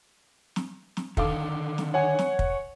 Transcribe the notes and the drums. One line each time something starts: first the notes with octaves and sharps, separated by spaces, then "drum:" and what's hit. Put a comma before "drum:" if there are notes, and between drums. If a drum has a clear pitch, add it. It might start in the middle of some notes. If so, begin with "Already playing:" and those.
drum: snare
drum: snare
D3 D#3 A4 F5 D6, drum: kick
drum: snare
C#5 F#5 G#5
drum: snare
drum: kick